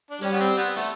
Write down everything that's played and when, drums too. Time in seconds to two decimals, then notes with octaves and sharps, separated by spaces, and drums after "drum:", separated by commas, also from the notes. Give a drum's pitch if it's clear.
0.10 D4
0.21 G3 C#4, drum: hi-hat
0.33 B3
0.40 C4
0.58 B3
0.76 A3, drum: hi-hat